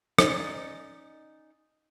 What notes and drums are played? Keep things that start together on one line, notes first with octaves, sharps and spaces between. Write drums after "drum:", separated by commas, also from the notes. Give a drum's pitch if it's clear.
C#4 D#4 G4 D5 D#5, drum: rim click